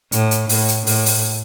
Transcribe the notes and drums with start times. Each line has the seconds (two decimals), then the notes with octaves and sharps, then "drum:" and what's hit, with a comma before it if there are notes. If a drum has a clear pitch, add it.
0.12 A2, drum: hi-hat
0.31 drum: hi-hat
0.49 A2, drum: open hi-hat
0.69 drum: hi-hat
0.87 A2, drum: open hi-hat
1.06 drum: open hi-hat